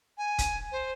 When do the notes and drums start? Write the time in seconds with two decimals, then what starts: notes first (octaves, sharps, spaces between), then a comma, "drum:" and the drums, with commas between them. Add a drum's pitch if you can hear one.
0.18 G#5
0.38 drum: kick, hi-hat
0.72 C5